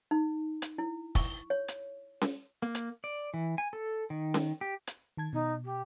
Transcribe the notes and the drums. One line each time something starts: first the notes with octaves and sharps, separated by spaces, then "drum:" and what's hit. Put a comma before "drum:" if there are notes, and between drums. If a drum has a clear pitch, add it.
D#4
drum: hi-hat
E4
C#6, drum: kick, open hi-hat
C#5
drum: hi-hat
drum: snare C#4
A#3
drum: hi-hat
D5
E3
G#5
A4
D#3
drum: snare C#4
G4
drum: hi-hat
D#3 A5 G#6
B2 D#4
G4